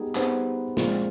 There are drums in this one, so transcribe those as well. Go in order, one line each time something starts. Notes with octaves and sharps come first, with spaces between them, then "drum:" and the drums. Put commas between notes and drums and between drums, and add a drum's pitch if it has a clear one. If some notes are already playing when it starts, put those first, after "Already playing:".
Already playing: G3 B3 D#4 G#4
G3 B3 D#4 G#4 C5, drum: clap
A#2 F3 G#3 C4 F4, drum: snare